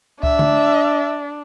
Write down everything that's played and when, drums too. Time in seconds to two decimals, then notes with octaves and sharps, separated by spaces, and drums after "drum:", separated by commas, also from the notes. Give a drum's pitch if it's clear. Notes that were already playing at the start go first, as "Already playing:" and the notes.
0.23 D4 E5, drum: kick C#2
0.39 drum: tom D3